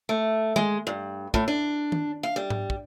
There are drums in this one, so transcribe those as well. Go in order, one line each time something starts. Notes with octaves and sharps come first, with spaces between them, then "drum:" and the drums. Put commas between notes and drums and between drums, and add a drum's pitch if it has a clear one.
A3
G#3, drum: tom D#3
G2
A2, drum: kick
D4
drum: tom D#3
F5
G3
drum: tom G#2
drum: kick